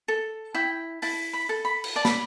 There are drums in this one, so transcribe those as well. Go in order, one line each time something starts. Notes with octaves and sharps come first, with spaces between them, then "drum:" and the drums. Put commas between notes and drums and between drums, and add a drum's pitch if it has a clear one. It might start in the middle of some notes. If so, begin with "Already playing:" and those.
A4
E4 G5
E4 A5, drum: open hi-hat
B5
A4
B5
drum: cymbal
D5 A5
B5, drum: snare